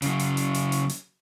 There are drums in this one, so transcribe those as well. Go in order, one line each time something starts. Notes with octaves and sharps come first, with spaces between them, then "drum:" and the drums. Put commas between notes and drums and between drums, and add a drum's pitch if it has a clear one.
C#3 F#3, drum: hi-hat
drum: hi-hat
drum: hi-hat
drum: hi-hat
drum: hi-hat
drum: hi-hat